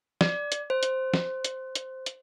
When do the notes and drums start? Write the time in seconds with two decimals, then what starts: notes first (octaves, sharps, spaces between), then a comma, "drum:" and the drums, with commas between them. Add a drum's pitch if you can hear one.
0.21 D5, drum: snare
0.52 drum: hi-hat
0.70 C5
0.83 drum: hi-hat
1.14 drum: snare
1.44 drum: hi-hat
1.75 drum: hi-hat
2.06 drum: hi-hat